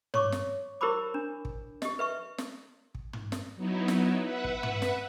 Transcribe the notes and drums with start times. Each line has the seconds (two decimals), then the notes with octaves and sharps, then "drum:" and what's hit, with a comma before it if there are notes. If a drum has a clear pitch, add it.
0.14 C#5 C#6 D6, drum: tom
0.32 drum: snare
0.81 E4 G4 A#4 C5 B5 D6
1.14 D4
1.45 drum: kick
1.82 G4 D#5, drum: snare
1.99 B4 E5 C#6
2.38 drum: snare
2.95 drum: kick
3.13 drum: tom
3.32 drum: snare
3.56 F#3 B3 D#4 E4
3.88 drum: snare
4.22 B4 E5 F#5
4.44 drum: kick
4.63 drum: tom
4.82 drum: snare